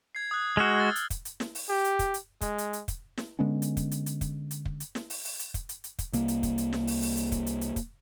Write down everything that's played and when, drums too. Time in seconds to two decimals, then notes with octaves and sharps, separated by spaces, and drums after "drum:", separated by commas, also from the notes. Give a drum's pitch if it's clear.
0.15 G#6 C7
0.31 D#6 F#6
0.57 G#3 F#4 E6 F6 G7
0.78 E6 A6 G7
0.96 drum: hi-hat
1.10 drum: kick, hi-hat
1.25 drum: hi-hat
1.40 drum: snare
1.55 drum: open hi-hat
1.70 G4
1.84 drum: hi-hat
1.99 drum: kick, hi-hat
2.14 drum: hi-hat
2.41 G#3, drum: kick, hi-hat
2.58 drum: hi-hat
2.73 drum: hi-hat
2.88 drum: kick, hi-hat
3.17 drum: snare
3.39 D3 G#3 B3 C#4
3.62 drum: hi-hat
3.77 drum: kick, hi-hat
3.91 drum: hi-hat
4.06 drum: hi-hat
4.21 drum: kick, hi-hat
4.51 drum: hi-hat
4.65 drum: kick
4.80 drum: hi-hat
4.95 drum: snare
5.10 drum: open hi-hat
5.25 drum: open hi-hat
5.39 drum: hi-hat
5.54 drum: kick, hi-hat
5.69 drum: hi-hat
5.84 drum: hi-hat
5.99 drum: kick, hi-hat
6.13 C2 A#3, drum: hi-hat
6.28 drum: hi-hat
6.43 drum: kick, hi-hat
6.58 drum: hi-hat
6.73 drum: snare
6.87 drum: open hi-hat
7.02 drum: open hi-hat
7.17 drum: hi-hat
7.32 drum: kick, hi-hat
7.47 drum: hi-hat
7.61 drum: hi-hat
7.76 drum: kick, hi-hat